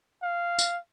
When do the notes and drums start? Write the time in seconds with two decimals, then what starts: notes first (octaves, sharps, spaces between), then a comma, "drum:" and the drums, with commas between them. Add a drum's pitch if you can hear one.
0.23 F5
0.59 drum: tambourine